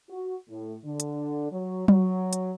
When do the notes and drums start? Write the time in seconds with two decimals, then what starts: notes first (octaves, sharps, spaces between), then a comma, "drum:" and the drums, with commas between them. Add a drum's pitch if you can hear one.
0.10 F#4
0.49 A2
0.84 D3
1.00 drum: hi-hat
1.51 F#3
1.88 F#3, drum: tom F#3
2.33 drum: hi-hat